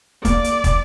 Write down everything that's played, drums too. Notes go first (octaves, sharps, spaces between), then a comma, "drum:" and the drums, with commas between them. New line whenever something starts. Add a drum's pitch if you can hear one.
A#3 D5, drum: kick, hi-hat
drum: hi-hat
drum: kick, hi-hat